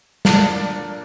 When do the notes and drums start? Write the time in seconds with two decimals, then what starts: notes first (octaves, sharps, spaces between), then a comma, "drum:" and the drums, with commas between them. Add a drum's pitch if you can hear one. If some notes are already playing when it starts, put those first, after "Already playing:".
0.25 A#2 A#3 D4 A4, drum: snare